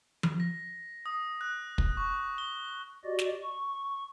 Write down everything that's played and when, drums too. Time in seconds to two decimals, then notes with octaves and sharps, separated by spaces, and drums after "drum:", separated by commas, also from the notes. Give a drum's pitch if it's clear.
0.23 drum: tom F3
0.40 A#6
1.06 D#6
1.41 F#6
1.78 drum: kick
1.97 C#6
2.38 G7
3.04 F#4 G4 D5 D#5
3.19 drum: snare
3.43 C#6